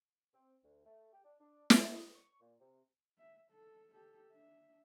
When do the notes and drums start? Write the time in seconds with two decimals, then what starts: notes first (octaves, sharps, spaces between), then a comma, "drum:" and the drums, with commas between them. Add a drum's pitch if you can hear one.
0.34 C4
0.64 D2
0.86 A3
1.13 G4
1.24 D4
1.40 D4
1.70 drum: snare
1.79 A3
1.96 D#6
2.15 C#6
2.41 A#2
2.60 C3
3.18 E5
3.51 A4
3.93 G4 A4
4.32 D4 E5